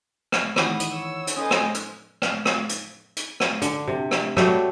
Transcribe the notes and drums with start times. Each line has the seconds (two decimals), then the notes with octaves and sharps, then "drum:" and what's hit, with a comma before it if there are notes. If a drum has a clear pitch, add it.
0.32 drum: rim click
0.56 D#3 E3 F#5 B5 D6 D#6, drum: rim click
0.80 drum: hi-hat
0.92 C#5 E6
1.27 drum: hi-hat
1.37 C#4 A4 B4 C5 D#5 G#5 D#6
1.51 drum: rim click
1.74 drum: hi-hat
2.22 drum: rim click
2.45 drum: rim click
2.69 drum: hi-hat
3.17 drum: hi-hat
3.40 drum: rim click
3.62 D3, drum: hi-hat
3.88 C3
4.11 drum: rim click
4.37 F#3 G3 A3, drum: rim click